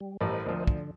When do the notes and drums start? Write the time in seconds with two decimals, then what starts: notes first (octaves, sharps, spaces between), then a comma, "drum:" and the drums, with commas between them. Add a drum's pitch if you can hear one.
0.01 G3
0.21 A1 A2 G3 A#4 C5 D#5
0.46 D2 F3
0.67 D3, drum: kick